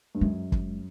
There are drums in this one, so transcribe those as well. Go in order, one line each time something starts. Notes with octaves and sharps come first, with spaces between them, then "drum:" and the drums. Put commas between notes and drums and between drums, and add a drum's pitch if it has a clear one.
G2
F#2 G#3
drum: kick